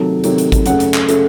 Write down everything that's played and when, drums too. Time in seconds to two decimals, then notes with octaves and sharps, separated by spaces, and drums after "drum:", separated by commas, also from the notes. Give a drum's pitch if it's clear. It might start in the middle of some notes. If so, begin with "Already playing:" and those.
Already playing: C3 D#3 F#3 A3 A5
0.24 C3 D#3 F#3 A3, drum: hi-hat
0.38 drum: hi-hat
0.52 drum: kick G#1, hi-hat
0.66 F#2 C#3 A3 F#5, drum: hi-hat
0.80 drum: hi-hat
0.94 drum: clap
1.09 C#3 A3, drum: hi-hat